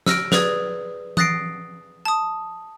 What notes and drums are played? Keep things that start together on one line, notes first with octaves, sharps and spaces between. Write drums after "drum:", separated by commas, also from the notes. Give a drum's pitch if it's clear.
E6 F6 A#6 D7, drum: snare
G#4 B4 D5 D#6 G#6, drum: snare
D#6 F#6 A6 A#6 C7 D7, drum: tom E3
A5 D#6